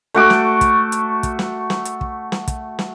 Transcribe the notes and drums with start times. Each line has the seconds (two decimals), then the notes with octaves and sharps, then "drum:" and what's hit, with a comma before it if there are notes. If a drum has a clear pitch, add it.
0.14 A3 F#4 D6
0.30 drum: snare
0.61 drum: kick, hi-hat
0.92 drum: hi-hat
1.23 drum: kick, hi-hat
1.39 drum: snare
1.70 drum: snare
1.85 drum: hi-hat
2.01 drum: kick
2.32 drum: snare
2.48 drum: kick, hi-hat
2.79 drum: snare